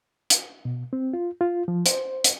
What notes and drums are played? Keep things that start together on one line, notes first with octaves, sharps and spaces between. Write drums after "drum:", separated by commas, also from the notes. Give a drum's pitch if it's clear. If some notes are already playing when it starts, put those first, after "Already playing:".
drum: hi-hat
B2
C4
F4
F4
F3
C5, drum: hi-hat
drum: hi-hat